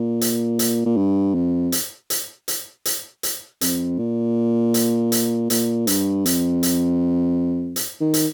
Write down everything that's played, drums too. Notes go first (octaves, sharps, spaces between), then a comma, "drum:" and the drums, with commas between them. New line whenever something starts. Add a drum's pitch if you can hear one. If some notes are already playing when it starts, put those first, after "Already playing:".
Already playing: A#2
drum: hi-hat
drum: hi-hat
A#2
G2
F2
drum: hi-hat
drum: hi-hat
drum: hi-hat
drum: hi-hat
drum: hi-hat
F2, drum: hi-hat
A#2
drum: hi-hat
drum: hi-hat
A#2, drum: hi-hat
G2, drum: hi-hat
F2, drum: hi-hat
drum: hi-hat
drum: hi-hat
D#3
drum: hi-hat